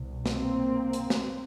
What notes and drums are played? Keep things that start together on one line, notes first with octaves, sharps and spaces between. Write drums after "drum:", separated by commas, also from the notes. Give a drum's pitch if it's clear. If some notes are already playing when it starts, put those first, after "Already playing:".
Already playing: C2 B2
A#3 C4, drum: snare
drum: hi-hat
drum: snare